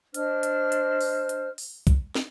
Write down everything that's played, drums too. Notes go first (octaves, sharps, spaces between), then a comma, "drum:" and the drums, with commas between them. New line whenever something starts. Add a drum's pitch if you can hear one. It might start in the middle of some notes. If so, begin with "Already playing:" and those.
D4 C5 D#5 F6, drum: hi-hat
drum: hi-hat
drum: hi-hat
drum: open hi-hat
drum: hi-hat
drum: open hi-hat
drum: kick, hi-hat
drum: snare